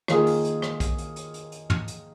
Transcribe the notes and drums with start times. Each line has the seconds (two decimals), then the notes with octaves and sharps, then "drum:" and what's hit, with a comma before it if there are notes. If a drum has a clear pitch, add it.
0.08 D#3 A#3 F4 G#4, drum: rim click
0.27 drum: open hi-hat
0.44 drum: hi-hat
0.62 drum: rim click
0.80 drum: kick B1, hi-hat
0.98 drum: hi-hat
1.16 drum: hi-hat
1.34 drum: hi-hat
1.52 drum: hi-hat
1.70 drum: tom
1.88 drum: hi-hat